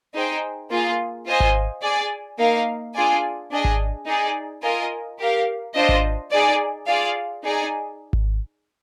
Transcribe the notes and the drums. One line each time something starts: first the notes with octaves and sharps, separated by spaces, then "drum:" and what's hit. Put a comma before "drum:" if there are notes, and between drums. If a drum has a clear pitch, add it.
D#4 G#4 C5 G5
A#3 F4 G#4
F4 C5 D#5 G#5
drum: kick G#1
G#4 D5 G#5
A#3 D#4 A#4 F5
D4 F4 G#4 D5 G#5
D4 G#4 D#5 G#5
drum: kick G#1
D#4 G#4 D5
F4 A#4 D#5 G#5
G4 A#4 F5
D4 F4 C5 D#5
drum: kick G#1
D#4 G#4 D5
F4 G#4 D5 F5
D#4 G#4 D5 G#5
drum: kick G#1